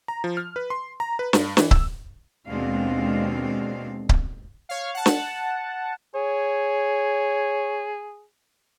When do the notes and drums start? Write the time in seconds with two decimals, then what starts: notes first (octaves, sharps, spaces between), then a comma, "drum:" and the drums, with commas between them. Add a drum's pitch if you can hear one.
0.08 A#5
0.24 F3
0.37 F6
0.56 B4
0.70 C6
1.00 A#5
1.19 B4
1.33 G2, drum: snare
1.57 E3, drum: snare
1.71 E6, drum: kick C#1
2.47 D#2 B2 G#3 C4 D4 F5
4.09 drum: kick C#1
4.69 C#5 F5
4.94 F#5 A5
5.06 drum: snare
6.15 G#4 C#5